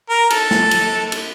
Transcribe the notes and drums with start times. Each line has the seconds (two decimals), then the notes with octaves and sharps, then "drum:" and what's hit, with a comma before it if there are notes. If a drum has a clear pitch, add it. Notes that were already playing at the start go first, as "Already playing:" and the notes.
0.10 A#4
0.30 A4, drum: cymbal
0.51 drum: snare
0.71 drum: cymbal
1.12 drum: cymbal